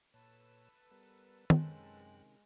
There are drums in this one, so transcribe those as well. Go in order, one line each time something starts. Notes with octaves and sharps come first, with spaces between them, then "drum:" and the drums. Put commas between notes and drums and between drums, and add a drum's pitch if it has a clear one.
A#2 A4 B4 C#5 A5 E6
G3 B3 A#4
F#2 C3 D#3 G#3 C#4 G5 F#6, drum: tom